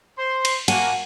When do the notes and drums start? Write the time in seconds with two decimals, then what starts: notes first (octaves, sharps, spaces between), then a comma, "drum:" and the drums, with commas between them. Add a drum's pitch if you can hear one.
0.18 C5 C6
0.45 drum: cymbal
0.68 A#3 F#4 F#5 G#5 A5, drum: cymbal